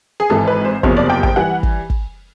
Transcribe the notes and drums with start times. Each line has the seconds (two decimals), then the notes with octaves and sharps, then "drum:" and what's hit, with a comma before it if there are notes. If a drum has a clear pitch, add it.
0.20 G#4
0.30 G#1 G#2 E3 A4
0.48 B4
0.65 C5
0.83 F#1 E2 C3 F3 C#5, drum: kick
0.97 D5
1.10 G5
1.23 G5, drum: kick
1.36 E3 G3 F#5
1.63 drum: kick
1.90 drum: kick